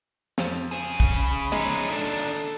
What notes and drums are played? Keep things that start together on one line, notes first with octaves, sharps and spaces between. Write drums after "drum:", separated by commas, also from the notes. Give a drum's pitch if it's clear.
F2, drum: snare
C#3 G#4, drum: open hi-hat
drum: kick
B5
G#3 C#4 D#4, drum: cymbal
D#3 D4 A4, drum: open hi-hat
drum: open hi-hat